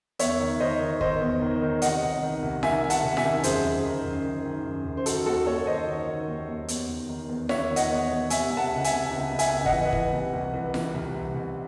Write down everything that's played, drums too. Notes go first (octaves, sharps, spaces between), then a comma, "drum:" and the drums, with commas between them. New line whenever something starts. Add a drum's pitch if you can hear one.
E2 C#5 E5, drum: hi-hat
D#3
D#3 C5 D#5
D#3
D#3 C5 D#5, drum: kick
E2
D#3
D#3
C3 D#5 F#5, drum: hi-hat
C2
D#3
C2
D#3 E5 G#5, drum: snare F4
C3
F#5 A5, drum: hi-hat
C2
E5 G#5, drum: snare F4
D#3
F#2 G#4 C5, drum: hi-hat
F#2
D#3
F#2
D#3
D#3
F#2
F#2
C5
D#3 F#4 A4, drum: hi-hat
D#2 F#4 A4
D#2 A4 C#5
D#3 C5 D#5
D#3
D#3
D#2
D#2
E2, drum: hi-hat
D#3
D#3
E2
E2 C#5 E5, drum: snare F4
D#3
D#5 F#5, drum: hi-hat
E2
E2
C3 E5 G#5, drum: hi-hat
C3
F#5 A5
C#2
E5 G#5, drum: hi-hat
C3
C#2
C#2
E5 G#5, drum: hi-hat
C#2
D#5 F#5, drum: kick
E3
E3, drum: kick
C3
C2
E3
E3, drum: snare F4
C2
C2
C2